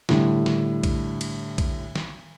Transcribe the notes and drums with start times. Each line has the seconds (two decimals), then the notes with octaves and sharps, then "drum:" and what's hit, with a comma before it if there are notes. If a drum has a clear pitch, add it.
0.09 A2 D3 G3 D4, drum: snare
0.46 drum: snare
0.83 drum: kick A#1, cymbal
1.21 drum: cymbal
1.58 drum: kick A#1, cymbal
1.96 drum: snare